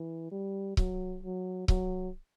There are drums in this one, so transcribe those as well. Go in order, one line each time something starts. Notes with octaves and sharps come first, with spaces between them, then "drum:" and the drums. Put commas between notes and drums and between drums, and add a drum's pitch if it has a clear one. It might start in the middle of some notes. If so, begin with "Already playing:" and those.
Already playing: E3
G3
F#3, drum: kick C#1
F#3
F#3, drum: kick C#1